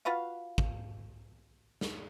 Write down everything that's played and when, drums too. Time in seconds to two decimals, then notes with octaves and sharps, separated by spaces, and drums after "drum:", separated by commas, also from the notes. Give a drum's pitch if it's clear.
0.05 F4 F#4 B4 F5
0.58 drum: kick
1.81 drum: snare